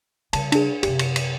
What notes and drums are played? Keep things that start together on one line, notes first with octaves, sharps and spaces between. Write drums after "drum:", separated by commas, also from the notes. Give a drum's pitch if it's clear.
C#3 G3 A5, drum: cymbal
D4 G#4, drum: cymbal
F#2 C3 G4, drum: cymbal
drum: cymbal
drum: cymbal